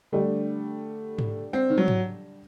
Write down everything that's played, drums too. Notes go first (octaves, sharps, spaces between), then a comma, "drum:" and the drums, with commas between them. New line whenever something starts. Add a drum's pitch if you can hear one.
D3 G3 A3 D4 G4
drum: tom G#2
C4
D#3
F#3
drum: tom G#2